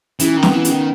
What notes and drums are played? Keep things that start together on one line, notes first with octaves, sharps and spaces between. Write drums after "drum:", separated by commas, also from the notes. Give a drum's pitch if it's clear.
C#3 E3, drum: hi-hat
D#3
B3, drum: snare
E3
C#3, drum: hi-hat
D#3